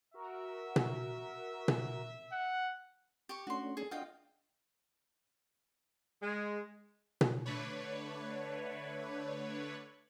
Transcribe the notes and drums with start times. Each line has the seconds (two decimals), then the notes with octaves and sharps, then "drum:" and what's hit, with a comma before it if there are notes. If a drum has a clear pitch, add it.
0.14 F#4 A#4 E5
0.76 drum: tom B2
1.68 drum: tom B2
2.32 F#5
3.29 G4 C#6
3.47 A3 C#4 D4 F#4 C6
3.77 G#4 A4
3.91 D4 F4 F#4 D#5 F5 G5
6.22 G#3
7.21 drum: tom B2
7.46 D3 A3 D4 B4 C#5